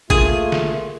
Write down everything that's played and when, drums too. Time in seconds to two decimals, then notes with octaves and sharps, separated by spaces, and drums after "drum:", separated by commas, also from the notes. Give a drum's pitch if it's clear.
0.10 A3 A#3 F4 G#4, drum: kick G#1
0.52 drum: snare